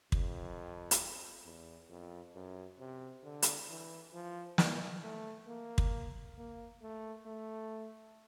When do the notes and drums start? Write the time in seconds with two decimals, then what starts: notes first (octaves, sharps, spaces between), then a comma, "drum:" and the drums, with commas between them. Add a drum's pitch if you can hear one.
0.12 F2, drum: kick
0.91 drum: hi-hat
1.45 E2
1.90 F2
2.35 F#2
2.79 C3
3.24 D3
3.42 drum: hi-hat
3.69 E3
4.14 F3
4.58 E3, drum: snare
5.03 A3
5.47 A#3
5.78 drum: kick
6.37 A#3
6.82 A3
7.26 A3